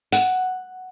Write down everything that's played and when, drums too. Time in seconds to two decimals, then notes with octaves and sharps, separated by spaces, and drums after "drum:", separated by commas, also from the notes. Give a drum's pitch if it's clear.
0.12 F#5, drum: open hi-hat